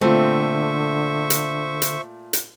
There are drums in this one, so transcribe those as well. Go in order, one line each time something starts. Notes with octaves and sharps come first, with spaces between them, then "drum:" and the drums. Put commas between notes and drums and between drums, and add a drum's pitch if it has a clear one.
A#2 D3 A3 C4 C5 E5 C#6
drum: hi-hat
drum: hi-hat
drum: hi-hat